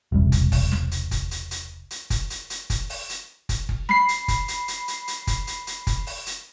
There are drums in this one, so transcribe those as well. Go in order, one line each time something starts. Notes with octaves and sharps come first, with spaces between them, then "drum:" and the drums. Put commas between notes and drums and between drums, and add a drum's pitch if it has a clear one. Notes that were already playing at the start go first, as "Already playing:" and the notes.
E1 C2
drum: kick, hi-hat
drum: kick, open hi-hat
drum: snare
drum: hi-hat
drum: kick, hi-hat
drum: hi-hat
drum: hi-hat
drum: hi-hat
drum: kick, hi-hat
drum: hi-hat
drum: hi-hat
drum: kick, hi-hat
drum: open hi-hat
drum: hi-hat
drum: kick, hi-hat
drum: kick
B5 C7, drum: snare
drum: hi-hat
drum: kick, hi-hat
drum: hi-hat
drum: hi-hat
drum: hi-hat
drum: hi-hat
drum: kick, hi-hat
drum: hi-hat
drum: hi-hat
drum: kick, hi-hat
drum: open hi-hat
drum: hi-hat